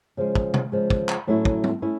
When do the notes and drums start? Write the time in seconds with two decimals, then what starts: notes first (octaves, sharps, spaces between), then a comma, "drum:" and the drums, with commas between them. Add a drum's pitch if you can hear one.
0.17 C#3 F3 G#3
0.35 drum: kick
0.54 drum: tom C3
0.72 C#3 F3 G#3
0.90 drum: kick
1.09 drum: clap
1.27 A2 F#3 A3 C#4 E4
1.45 drum: kick
1.64 drum: tom
1.82 A3 C#4 E4